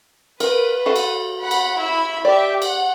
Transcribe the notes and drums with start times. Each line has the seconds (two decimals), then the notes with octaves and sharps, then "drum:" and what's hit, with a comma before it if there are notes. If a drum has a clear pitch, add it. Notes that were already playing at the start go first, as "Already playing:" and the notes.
0.40 A#4 B4, drum: cymbal
0.86 F#4 A4 F5
0.96 drum: cymbal
1.41 F#5 B5
1.51 drum: cymbal
1.78 E4 E5 B5
2.25 G4 D5 E5
2.62 F#5, drum: cymbal